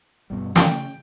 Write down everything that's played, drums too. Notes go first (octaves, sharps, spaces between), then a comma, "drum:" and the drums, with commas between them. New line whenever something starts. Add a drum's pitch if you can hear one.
G2 B2 G3
C#3 G5, drum: snare